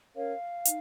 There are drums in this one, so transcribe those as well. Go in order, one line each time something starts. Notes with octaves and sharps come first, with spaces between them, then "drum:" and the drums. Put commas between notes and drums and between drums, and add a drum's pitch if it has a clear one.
C#4 A#4 C#5 F5
D#4, drum: hi-hat